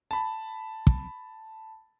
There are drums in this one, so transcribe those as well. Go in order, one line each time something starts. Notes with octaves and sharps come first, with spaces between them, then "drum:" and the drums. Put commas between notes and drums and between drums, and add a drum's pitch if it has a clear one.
A5 B5
drum: kick